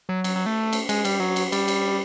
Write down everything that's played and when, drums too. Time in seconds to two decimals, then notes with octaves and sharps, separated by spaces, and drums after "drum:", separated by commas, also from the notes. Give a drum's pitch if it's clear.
0.09 F#3
0.24 F#3, drum: cymbal
0.36 F#3
0.46 A3
0.73 drum: cymbal
0.89 G#3, drum: cymbal
1.05 G3, drum: cymbal
1.20 F#3
1.36 drum: cymbal
1.52 G3, drum: cymbal
1.68 drum: cymbal